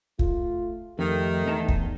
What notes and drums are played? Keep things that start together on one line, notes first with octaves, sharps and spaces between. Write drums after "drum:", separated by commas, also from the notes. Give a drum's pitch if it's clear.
A3 F4, drum: kick
F2 D#3 A3 G4
E2 B3 D#4 A5
drum: kick